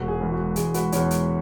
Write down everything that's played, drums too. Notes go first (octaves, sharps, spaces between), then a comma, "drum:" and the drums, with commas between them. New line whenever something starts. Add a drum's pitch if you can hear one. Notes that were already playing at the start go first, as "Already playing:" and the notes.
Already playing: E1 F#4
G#4
E2 E3 G#3
F#4
E1 G#4, drum: hi-hat
F#4 B4, drum: hi-hat
E2 E3 G#3 G#4 C#5, drum: hi-hat
drum: hi-hat